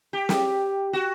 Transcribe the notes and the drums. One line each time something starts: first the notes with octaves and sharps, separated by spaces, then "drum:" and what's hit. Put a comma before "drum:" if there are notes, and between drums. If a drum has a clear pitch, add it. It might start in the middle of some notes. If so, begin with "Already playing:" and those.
G4
drum: snare
F#4